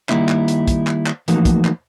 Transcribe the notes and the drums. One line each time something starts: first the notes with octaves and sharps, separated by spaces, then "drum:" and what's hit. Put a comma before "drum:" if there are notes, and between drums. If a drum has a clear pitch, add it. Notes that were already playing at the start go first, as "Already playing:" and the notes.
D#3 G3 A#3 D#4 E4, drum: clap
drum: clap
drum: hi-hat
drum: kick, hi-hat
drum: clap
drum: clap
E3 F3 A3 A#3 D#4 F#4, drum: hi-hat
drum: kick, hi-hat
drum: clap